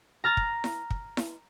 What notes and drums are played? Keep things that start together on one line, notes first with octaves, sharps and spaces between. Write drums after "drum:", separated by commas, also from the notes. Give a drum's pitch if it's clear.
A#5 F6 A6 A#6
drum: kick
drum: snare E4
drum: kick
drum: snare E4